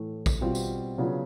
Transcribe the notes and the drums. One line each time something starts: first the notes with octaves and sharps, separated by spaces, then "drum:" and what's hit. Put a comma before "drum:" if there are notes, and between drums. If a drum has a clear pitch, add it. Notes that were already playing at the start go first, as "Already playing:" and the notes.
Already playing: A2 E3 A3
drum: kick, tambourine
B2 G3 C4 F4
drum: tambourine
C#3 F#3 B3 D4 F4